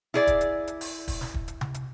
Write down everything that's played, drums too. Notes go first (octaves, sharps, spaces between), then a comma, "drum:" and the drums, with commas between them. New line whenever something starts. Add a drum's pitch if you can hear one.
E4 G#4 D5, drum: snare
drum: kick, hi-hat
drum: hi-hat
drum: hi-hat
drum: open hi-hat
drum: kick, open hi-hat
drum: snare
drum: kick
drum: hi-hat
drum: tom C3
drum: hi-hat